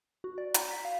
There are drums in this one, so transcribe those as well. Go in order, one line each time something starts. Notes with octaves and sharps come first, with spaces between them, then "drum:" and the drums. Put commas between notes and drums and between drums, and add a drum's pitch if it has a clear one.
F#4
D5
A#5, drum: hi-hat
B6
F5